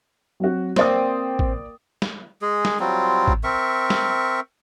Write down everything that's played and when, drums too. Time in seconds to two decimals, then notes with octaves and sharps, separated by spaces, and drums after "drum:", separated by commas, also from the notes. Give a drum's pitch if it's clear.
0.40 F#3 C4 F#4
0.76 A#3 C4 D5 D#6, drum: snare
1.39 drum: kick
2.02 drum: snare
2.42 G#3 G#4
2.65 drum: snare
2.80 F#3 G3 C4 F4
3.28 drum: kick
3.44 C4 A#4 E5 C#6
3.90 drum: snare